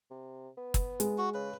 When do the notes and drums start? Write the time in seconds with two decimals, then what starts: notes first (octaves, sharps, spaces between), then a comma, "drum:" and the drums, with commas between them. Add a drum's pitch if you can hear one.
0.11 C3
0.57 B3
0.74 drum: kick, hi-hat
1.00 G#3, drum: hi-hat
1.18 F#4
1.34 C#3 B4